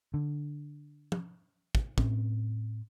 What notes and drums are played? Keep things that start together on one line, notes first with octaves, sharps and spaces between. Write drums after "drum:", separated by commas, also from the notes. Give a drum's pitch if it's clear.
D3
drum: tom
drum: kick
A2 C4 C#4, drum: kick